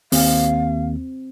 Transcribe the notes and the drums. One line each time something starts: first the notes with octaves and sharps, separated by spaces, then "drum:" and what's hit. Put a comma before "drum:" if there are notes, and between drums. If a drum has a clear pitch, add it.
D#2 C4 F5, drum: open hi-hat